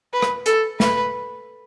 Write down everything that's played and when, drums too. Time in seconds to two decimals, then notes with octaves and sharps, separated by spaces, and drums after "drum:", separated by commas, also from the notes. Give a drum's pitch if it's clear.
0.13 B4
0.22 drum: rim click
0.46 A4, drum: hi-hat
0.80 B4, drum: snare